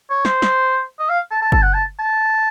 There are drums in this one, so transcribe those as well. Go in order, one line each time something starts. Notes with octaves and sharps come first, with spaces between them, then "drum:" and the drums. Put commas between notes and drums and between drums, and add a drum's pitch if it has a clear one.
C#5
C5, drum: snare
drum: snare
D#5
F5
A5
A5
A5, drum: kick
F#5
A5
A5